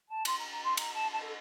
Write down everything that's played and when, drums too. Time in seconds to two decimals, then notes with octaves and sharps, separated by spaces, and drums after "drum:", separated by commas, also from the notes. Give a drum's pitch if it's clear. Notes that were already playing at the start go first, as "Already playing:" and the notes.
0.08 A5
0.25 C6, drum: cymbal
0.38 A#5
0.51 A#5
0.64 C6
0.77 A#5, drum: cymbal
0.93 A5
1.11 A5
1.22 A4